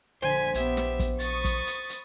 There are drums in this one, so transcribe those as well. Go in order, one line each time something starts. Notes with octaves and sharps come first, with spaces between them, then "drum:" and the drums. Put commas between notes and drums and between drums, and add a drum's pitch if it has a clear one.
A#1 D3 C5 G#5 B6
A#1 B3 G4 E5, drum: hi-hat
drum: snare
drum: kick, hi-hat
B5 C#6 D#6 A6, drum: hi-hat
drum: kick, hi-hat
drum: hi-hat
drum: hi-hat